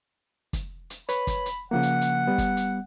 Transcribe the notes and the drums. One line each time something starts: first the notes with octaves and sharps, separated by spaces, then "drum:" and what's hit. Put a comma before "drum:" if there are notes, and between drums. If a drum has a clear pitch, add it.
drum: kick, hi-hat
drum: hi-hat
B4 C#5 B5, drum: hi-hat
drum: kick, hi-hat
drum: hi-hat
C#3 F3 A#3 F#5
drum: hi-hat
drum: hi-hat
G3 B3
drum: kick, hi-hat
drum: hi-hat